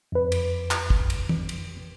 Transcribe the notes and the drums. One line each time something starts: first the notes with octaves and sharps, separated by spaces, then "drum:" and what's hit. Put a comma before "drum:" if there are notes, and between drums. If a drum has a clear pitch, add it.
F2 B4
drum: cymbal
drum: clap
drum: kick
drum: cymbal
drum: tom
drum: cymbal